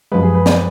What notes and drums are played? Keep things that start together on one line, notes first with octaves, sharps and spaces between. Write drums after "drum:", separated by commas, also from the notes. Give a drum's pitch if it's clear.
F#2 F3 G#3 B4
G#4
B4
D5, drum: snare